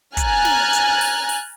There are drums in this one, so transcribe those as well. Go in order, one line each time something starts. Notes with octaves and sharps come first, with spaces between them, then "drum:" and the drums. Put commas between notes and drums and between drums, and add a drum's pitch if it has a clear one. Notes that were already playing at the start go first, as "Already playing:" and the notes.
G#5 A#5 F6 F#6 G#6 A6, drum: kick, hi-hat
drum: snare
drum: hi-hat
drum: open hi-hat
drum: open hi-hat